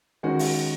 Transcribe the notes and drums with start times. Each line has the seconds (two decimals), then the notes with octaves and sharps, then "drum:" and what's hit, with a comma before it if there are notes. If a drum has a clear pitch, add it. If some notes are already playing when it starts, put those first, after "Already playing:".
0.23 D#3 G#3 C#4 F#4
0.39 drum: open hi-hat